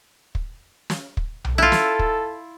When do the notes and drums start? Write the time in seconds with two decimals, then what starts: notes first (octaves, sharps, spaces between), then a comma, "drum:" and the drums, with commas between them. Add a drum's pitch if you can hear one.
0.35 drum: kick
0.90 drum: snare
1.17 drum: kick
1.44 drum: tom B1
1.58 E4 F4 A4
1.72 drum: snare
1.99 drum: kick